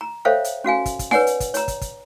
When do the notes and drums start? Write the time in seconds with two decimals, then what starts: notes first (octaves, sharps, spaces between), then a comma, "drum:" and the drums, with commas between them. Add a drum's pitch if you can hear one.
0.01 A#5
0.25 A4 C5 C#5 E5 F5 G5
0.44 drum: hi-hat
0.64 C#4 F#4 F5 G#5
0.86 drum: kick, hi-hat
0.99 drum: kick, hi-hat
1.11 B4 C#5 D5 F#5 G#5, drum: snare D#4
1.27 drum: hi-hat
1.40 drum: kick, hi-hat
1.54 C#5 A#5, drum: hi-hat
1.68 drum: kick, hi-hat
1.81 drum: kick, hi-hat